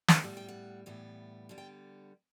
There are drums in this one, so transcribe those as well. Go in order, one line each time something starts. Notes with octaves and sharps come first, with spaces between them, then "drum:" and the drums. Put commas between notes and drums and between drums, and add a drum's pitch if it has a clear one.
drum: snare
A2 G3 B3 F#5
G5
F#5
A2 E3 G3 B3
D3 G3 B3
G5